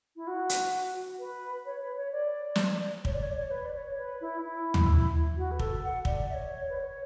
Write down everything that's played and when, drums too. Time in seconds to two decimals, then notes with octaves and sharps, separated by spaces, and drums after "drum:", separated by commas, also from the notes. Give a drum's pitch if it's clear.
0.16 E4
0.27 F#4
0.49 drum: hi-hat
1.18 B4
1.65 C#5
1.81 B4
1.96 C#5
2.11 D5
2.56 drum: snare
3.05 C#5, drum: kick
3.13 D5
3.22 C#5
3.30 D5
3.39 C#5
3.50 B4
3.65 D5
3.74 C#5
3.97 B4
4.21 E4
4.44 E4
4.74 drum: tom
5.36 F#4
5.51 B4
5.59 A4, drum: kick
5.83 F#5
6.05 D5, drum: kick
6.29 E5
6.33 C#5
6.69 B4
6.74 C#5